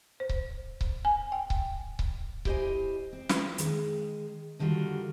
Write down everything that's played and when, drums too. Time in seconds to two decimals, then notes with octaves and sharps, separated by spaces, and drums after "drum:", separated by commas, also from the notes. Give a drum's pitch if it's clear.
0.20 C5
0.29 drum: kick C#1
0.81 drum: kick C#1
1.05 G#5
1.32 G5
1.50 drum: kick C#1
1.99 drum: kick C#1
2.45 E4 G4 C5 C#5 D#5 G#5, drum: kick C#1
3.13 C4
3.29 drum: snare
3.58 D#3 G#3, drum: hi-hat
4.59 D3 D#3 G3 F4 F#4